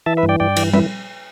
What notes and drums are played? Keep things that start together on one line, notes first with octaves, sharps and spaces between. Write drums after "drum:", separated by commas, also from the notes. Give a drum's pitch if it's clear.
E3 E5 A5
B4 E5
G2
D5 G5
G2 D5 G5
E3, drum: cymbal
E3 B4 E5, drum: tom G3